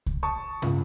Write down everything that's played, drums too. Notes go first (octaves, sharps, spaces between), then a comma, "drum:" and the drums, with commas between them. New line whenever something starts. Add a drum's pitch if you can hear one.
drum: kick C2
A5 C#6 D#6
C#2, drum: tom